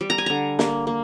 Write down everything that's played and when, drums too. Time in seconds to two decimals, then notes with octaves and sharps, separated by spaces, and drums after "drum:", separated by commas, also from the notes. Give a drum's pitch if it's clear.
0.01 G3
0.10 A#5
0.18 G#5
0.26 D3 A#5
0.59 A#3, drum: snare
0.87 A#3